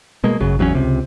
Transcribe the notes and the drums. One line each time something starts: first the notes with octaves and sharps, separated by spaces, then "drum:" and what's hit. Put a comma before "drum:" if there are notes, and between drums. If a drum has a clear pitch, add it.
B2 G#3 A#3
F#2 C#3 F#3, drum: kick G#1
E2 F#3 C4 C#4
C#2 C3